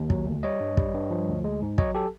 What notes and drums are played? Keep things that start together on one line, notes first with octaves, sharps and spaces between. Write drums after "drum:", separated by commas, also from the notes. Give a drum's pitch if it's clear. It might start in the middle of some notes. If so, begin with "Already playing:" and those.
Already playing: D#2
F#3, drum: kick
D2
G3 C#5 D#5
G2
G3, drum: kick
G2
F3
D2
G#3
G#2
F#3 C#5 D#5, drum: kick
G4 A4